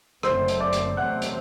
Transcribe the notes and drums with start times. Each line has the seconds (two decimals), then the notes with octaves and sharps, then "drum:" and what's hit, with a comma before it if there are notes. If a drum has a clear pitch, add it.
0.23 F#1 F#2 D3 A3 C4 C5 C6, drum: rim click
0.48 drum: hi-hat
0.60 D5 D6
0.73 drum: hi-hat
0.97 E2 C3 F#3 A3 C4 F#5 F#6
1.22 drum: hi-hat